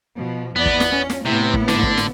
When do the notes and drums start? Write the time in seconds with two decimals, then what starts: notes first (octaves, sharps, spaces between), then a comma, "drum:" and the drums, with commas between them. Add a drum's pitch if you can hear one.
0.17 B2 F3
0.56 E2 B3 D5
0.66 drum: kick
0.80 drum: snare
0.89 C#4
1.10 drum: snare
1.25 A2 C3 B3 E4
1.54 drum: kick
1.68 D3, drum: snare
1.83 drum: kick
1.97 drum: snare